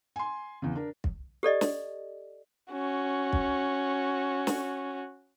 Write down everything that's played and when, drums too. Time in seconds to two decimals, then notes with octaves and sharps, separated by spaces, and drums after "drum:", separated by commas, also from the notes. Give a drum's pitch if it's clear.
0.16 G#5 C6
0.62 E2 C#3
0.75 D4 A#4
1.04 drum: kick
1.43 G4 A4 D5 D#5
1.61 drum: snare
2.72 C#4 F#4
3.33 drum: kick
4.47 drum: snare